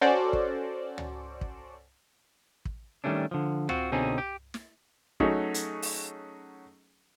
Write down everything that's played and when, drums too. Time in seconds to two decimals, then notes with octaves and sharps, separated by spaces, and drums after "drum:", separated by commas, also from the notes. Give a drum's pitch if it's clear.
0.01 C#4 F#4 A4 C5 D5
0.33 drum: kick
0.98 drum: tom C#2
1.41 drum: kick
2.65 drum: kick
3.04 D#3 G3 A3 C#4 D4
3.31 D3 F3
3.69 C4 F4 F#4, drum: tom C#2
3.92 B2 D3 C4 C#4 D#4 G#4
4.18 G4
4.54 drum: snare
5.20 F#3 A3 C#4 D#4 F#4 G#4, drum: kick
5.54 drum: hi-hat
5.82 drum: open hi-hat